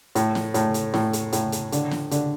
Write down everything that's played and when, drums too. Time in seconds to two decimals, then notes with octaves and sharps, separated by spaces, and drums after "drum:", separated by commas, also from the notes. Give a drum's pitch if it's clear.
0.15 A2, drum: hi-hat
0.35 drum: snare
0.54 A2, drum: hi-hat
0.74 drum: hi-hat
0.94 A2, drum: snare
1.13 drum: hi-hat
1.33 A2, drum: hi-hat
1.52 drum: hi-hat
1.72 D3, drum: hi-hat
1.91 drum: snare
2.11 D3, drum: hi-hat